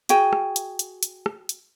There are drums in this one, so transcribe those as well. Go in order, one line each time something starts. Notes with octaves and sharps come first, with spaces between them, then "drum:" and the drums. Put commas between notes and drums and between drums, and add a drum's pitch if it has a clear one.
F#4 G#4 G5, drum: hi-hat
drum: rim click
drum: hi-hat
drum: hi-hat
drum: hi-hat
drum: rim click
drum: hi-hat